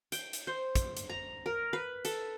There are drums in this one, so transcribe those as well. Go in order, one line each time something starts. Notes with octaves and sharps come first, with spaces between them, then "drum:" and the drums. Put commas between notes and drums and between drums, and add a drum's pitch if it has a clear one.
G5, drum: hi-hat
drum: hi-hat
C5
drum: kick, hi-hat
drum: hi-hat
A#5
A#4
B4
A4, drum: hi-hat